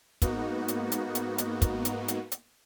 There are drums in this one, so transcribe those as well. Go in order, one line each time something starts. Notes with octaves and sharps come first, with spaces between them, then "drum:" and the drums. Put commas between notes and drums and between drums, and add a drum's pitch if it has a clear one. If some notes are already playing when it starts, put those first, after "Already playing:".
G#2 A#3 B3 D#4 F#4, drum: kick, hi-hat
drum: hi-hat
drum: hi-hat
drum: hi-hat
drum: hi-hat
drum: kick, hi-hat
drum: hi-hat
drum: hi-hat
drum: hi-hat